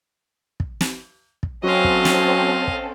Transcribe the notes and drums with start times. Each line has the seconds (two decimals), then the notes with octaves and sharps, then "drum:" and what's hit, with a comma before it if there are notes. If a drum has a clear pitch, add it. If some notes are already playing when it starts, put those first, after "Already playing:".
0.60 drum: kick
0.81 drum: snare
1.43 drum: kick
1.64 F#3 C4 C#4 A4 D#5 F5
1.84 drum: kick
2.05 drum: snare
2.67 drum: kick